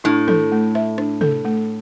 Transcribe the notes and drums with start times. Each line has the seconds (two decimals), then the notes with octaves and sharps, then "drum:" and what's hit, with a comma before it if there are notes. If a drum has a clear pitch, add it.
0.04 A2 D4
0.28 A4, drum: tom
0.52 A3
0.75 E5, drum: rim click
0.98 D4, drum: rim click
1.21 A4, drum: tom
1.45 A3